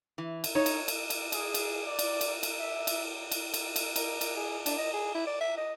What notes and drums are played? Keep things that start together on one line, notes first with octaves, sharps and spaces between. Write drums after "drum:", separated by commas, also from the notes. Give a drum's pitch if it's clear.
E3
drum: cymbal
D#4 C#5
drum: cymbal
drum: cymbal
drum: cymbal
G#4, drum: cymbal
drum: cymbal
D5
drum: cymbal
drum: cymbal
drum: cymbal
E5
drum: cymbal
drum: cymbal
drum: cymbal
drum: cymbal
A#4, drum: cymbal
A#4, drum: cymbal
G#4
D4, drum: cymbal
D#5
G#4
E4
D5
E5
D#5